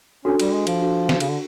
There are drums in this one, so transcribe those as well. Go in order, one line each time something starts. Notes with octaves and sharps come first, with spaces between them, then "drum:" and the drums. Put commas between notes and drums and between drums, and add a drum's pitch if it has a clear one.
C#4 D4 F#4 A4
G3, drum: cymbal
G#3
F3, drum: cymbal
D4 F#4 A4
drum: snare
C#3, drum: cymbal
D3